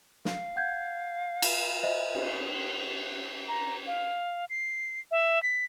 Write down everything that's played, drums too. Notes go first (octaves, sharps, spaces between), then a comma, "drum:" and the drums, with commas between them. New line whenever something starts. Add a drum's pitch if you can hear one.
F5, drum: snare
F#5 G6 G#6
drum: cymbal
C5 D#5 E5
drum: cymbal
A#5
F5
C7
E5
B6